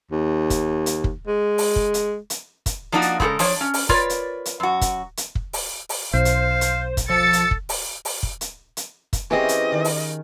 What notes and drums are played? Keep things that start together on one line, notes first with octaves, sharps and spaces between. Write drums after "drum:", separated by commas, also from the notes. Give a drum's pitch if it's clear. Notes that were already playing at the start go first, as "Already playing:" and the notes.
D#2
drum: kick, hi-hat
drum: hi-hat
drum: kick
G#3
drum: open hi-hat
drum: kick
drum: hi-hat
drum: hi-hat
drum: kick, hi-hat
F3 A#3 D4 D#4 F4 F#4
drum: hi-hat
C#3 G#3 F#4 A4 A#4, drum: kick
F3 D4 C#5, drum: open hi-hat
C#4
drum: open hi-hat
F4 A#4 B4 C#5 D5, drum: kick
drum: hi-hat
drum: hi-hat
F#2 F#4
drum: kick, hi-hat
drum: hi-hat
drum: kick
drum: open hi-hat
drum: open hi-hat
B1 C5 F5
drum: hi-hat
drum: hi-hat
drum: kick, hi-hat
F3 A4 A6 C#7
drum: hi-hat
drum: kick
drum: open hi-hat
drum: open hi-hat
drum: kick
drum: hi-hat
drum: hi-hat
drum: kick, hi-hat
E3 C4 C#4 G4 G#4 D#5
drum: hi-hat
D#3
drum: open hi-hat